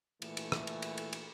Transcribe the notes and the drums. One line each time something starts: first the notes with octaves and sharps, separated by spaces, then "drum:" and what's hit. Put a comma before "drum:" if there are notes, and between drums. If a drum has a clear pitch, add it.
A#2 E3 A3, drum: cymbal
drum: cymbal
drum: rim click
drum: cymbal
drum: cymbal
drum: cymbal
drum: cymbal